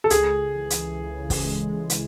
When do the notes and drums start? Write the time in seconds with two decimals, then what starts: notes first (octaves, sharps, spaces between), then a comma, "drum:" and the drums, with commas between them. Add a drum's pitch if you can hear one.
0.04 A4
0.10 C#2 G#4, drum: hi-hat
0.55 E3
0.70 drum: hi-hat
1.00 C#3
1.30 drum: kick, open hi-hat
1.45 G#3
1.90 drum: hi-hat